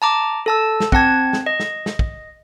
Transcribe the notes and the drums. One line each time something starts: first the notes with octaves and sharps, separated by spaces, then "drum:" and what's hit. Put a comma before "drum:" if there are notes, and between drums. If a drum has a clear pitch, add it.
A5 A#5 D6
A4 A5 E6
drum: snare
C4 F#5 A5 G#6, drum: kick
drum: snare
D#5
drum: snare
drum: snare
drum: kick